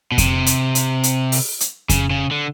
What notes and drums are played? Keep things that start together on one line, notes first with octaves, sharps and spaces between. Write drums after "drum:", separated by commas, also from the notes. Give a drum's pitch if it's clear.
B2
C3, drum: kick F2, hi-hat
drum: hi-hat
drum: hi-hat
drum: hi-hat
drum: open hi-hat
drum: hi-hat
C#3, drum: kick F2, hi-hat
C#3
D3